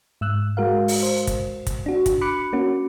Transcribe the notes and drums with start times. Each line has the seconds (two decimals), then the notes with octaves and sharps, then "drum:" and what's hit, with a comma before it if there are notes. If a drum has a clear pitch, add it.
0.21 G#2 E6 F#6
0.57 G#3 F#4 A#4 F5
0.88 drum: open hi-hat
1.03 C5
1.27 drum: kick, hi-hat
1.67 drum: kick, hi-hat
1.86 D4 F#4
2.06 drum: kick, hi-hat
2.21 B5 D6 F#6 C#7
2.53 A#3 C#4 F#4